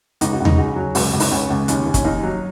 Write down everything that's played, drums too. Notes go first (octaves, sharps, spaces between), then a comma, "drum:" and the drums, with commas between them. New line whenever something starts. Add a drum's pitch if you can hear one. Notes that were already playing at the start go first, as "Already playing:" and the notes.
C#2 D#4, drum: hi-hat
F#4
C#2
D#4, drum: tom D#2
C#3 F#4
F#3
C#2 F#4, drum: open hi-hat
C#2
D#4, drum: open hi-hat
C#2 C#4
C#2
D#2 C#4, drum: hi-hat
D#2
C#4, drum: kick, hi-hat
D#2 D#4
F#3